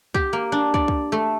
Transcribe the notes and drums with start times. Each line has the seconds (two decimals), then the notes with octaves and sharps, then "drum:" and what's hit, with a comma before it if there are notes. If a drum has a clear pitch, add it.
0.14 G4, drum: kick
0.33 A#3
0.52 D4
0.74 D5, drum: kick
0.88 drum: kick
1.12 A3